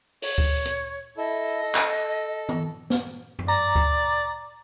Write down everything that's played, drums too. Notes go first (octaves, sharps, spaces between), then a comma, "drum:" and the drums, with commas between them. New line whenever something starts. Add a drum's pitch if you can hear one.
C#5, drum: open hi-hat
drum: kick D2
drum: hi-hat
E4 A4 D#5
A4
drum: clap
drum: tom
drum: snare
drum: tom F#2
D5 A#5
drum: kick D2